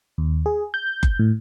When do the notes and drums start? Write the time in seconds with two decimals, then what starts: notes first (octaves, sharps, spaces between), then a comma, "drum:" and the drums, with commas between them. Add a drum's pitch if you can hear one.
0.18 D#2
0.46 G#4
0.74 G6
1.03 drum: kick F#1
1.19 A2